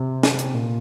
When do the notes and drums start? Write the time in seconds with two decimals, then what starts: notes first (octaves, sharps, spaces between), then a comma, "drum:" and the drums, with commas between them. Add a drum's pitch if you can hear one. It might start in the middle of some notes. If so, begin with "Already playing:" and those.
Already playing: C3
0.23 drum: snare
0.39 drum: hi-hat
0.54 A#2